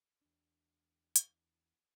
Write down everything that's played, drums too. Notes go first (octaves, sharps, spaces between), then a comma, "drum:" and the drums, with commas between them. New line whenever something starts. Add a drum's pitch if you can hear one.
E2 D4
drum: hi-hat